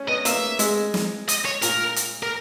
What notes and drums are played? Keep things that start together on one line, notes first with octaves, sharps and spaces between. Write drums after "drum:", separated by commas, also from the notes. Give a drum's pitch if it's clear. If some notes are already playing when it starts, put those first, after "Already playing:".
Already playing: C#4
B3 D#5
A#3 E5, drum: hi-hat
G#3, drum: hi-hat
drum: snare
D#5, drum: hi-hat
C#5
A#2 A#4, drum: hi-hat
drum: hi-hat
A#4